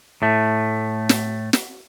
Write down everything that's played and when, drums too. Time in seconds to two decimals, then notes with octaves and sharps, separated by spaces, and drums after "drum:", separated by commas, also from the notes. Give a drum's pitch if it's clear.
0.22 A2 A3
1.09 drum: snare
1.53 drum: snare